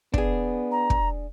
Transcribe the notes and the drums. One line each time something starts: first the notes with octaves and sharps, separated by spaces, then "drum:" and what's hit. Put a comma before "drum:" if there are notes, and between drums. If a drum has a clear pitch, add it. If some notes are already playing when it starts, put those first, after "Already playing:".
B3 D4 G#4, drum: kick
A#5
drum: kick